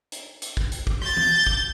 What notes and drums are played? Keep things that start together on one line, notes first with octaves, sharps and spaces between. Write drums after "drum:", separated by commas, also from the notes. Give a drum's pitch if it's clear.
drum: hi-hat
drum: hi-hat
drum: kick
drum: hi-hat
drum: kick
G6 A6, drum: rim click
drum: tom E3
drum: kick